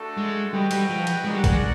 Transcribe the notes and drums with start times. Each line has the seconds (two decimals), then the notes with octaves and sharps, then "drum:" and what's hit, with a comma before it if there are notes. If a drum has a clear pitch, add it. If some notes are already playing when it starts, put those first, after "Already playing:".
Already playing: A3 D4 F#4 A4
0.17 G#3
0.53 G3 F#4 B4 D#5 G5
0.71 G3, drum: cymbal
0.89 F3
1.07 drum: cymbal
1.24 G#3 D4 F#4 A#4 D5 F#5
1.34 G3
1.44 G#3, drum: kick, cymbal